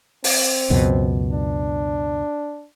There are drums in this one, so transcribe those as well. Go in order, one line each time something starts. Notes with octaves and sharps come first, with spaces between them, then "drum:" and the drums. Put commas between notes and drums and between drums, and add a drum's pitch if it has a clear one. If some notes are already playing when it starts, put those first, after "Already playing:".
C4, drum: open hi-hat
C#2 F#2 B2
D4